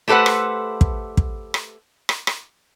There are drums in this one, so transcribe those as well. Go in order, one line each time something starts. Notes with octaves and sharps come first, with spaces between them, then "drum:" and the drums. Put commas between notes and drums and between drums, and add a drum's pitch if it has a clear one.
A3 G4 A4 B4 C5 F#5
drum: rim click
drum: kick
drum: kick
drum: rim click
drum: rim click
drum: rim click